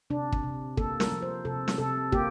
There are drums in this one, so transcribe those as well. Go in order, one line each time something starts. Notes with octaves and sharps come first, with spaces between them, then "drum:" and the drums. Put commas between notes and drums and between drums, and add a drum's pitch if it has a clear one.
C3 D4
drum: kick
C3
A#3 A4, drum: kick
A#4, drum: snare
F3
C5
C3 A4
drum: snare
C3 A4
A#3 G4, drum: kick